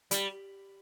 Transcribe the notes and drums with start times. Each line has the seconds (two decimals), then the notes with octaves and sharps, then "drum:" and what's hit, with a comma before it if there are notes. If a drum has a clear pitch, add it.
0.11 G3, drum: hi-hat